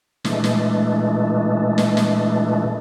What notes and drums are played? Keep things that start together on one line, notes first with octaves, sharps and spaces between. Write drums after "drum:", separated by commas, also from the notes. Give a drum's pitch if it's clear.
A#2 E3 G#3 A3 D4, drum: snare
drum: snare
drum: snare
drum: snare